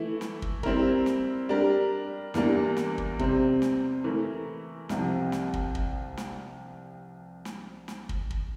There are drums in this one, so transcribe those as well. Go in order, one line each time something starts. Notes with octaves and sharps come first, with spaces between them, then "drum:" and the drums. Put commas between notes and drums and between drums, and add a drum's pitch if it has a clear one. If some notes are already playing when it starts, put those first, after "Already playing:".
Already playing: E3 A3 E4
drum: snare
drum: kick
G3 C4 E4 A#4, drum: kick
drum: snare
G3 D4 G4 A#4
E2 E3 G3 A#3 D4, drum: snare
drum: snare
drum: kick
C3 G3 C4, drum: kick
drum: snare
E3 A3 E4 A#4
C2 C3 F3, drum: snare
drum: snare
drum: kick
drum: kick
drum: snare
drum: snare
drum: snare
drum: kick
drum: kick